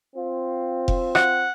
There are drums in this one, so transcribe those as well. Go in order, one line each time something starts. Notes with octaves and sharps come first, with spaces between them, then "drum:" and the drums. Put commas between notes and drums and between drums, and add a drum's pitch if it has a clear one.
C4 F4
drum: kick F1
F#5, drum: rim click